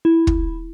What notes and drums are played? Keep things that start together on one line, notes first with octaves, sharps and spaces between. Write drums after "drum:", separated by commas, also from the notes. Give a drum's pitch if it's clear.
E4
drum: kick